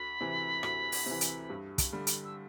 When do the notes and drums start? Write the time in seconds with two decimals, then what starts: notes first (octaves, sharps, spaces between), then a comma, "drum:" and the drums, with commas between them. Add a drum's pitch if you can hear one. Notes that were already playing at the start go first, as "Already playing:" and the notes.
Already playing: D2 B5
0.21 C3 E3
0.63 D2, drum: rim click
0.92 drum: open hi-hat
1.06 C3
1.11 E3
1.21 drum: hi-hat
1.50 G2
1.78 drum: kick, hi-hat
1.93 D3 G3
2.07 drum: hi-hat
2.25 E6